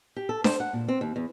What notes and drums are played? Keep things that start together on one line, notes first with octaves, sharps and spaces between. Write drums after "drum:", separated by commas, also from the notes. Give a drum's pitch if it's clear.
G4
A4
C5, drum: snare D4
F#5
A#2
C4
D#2
E2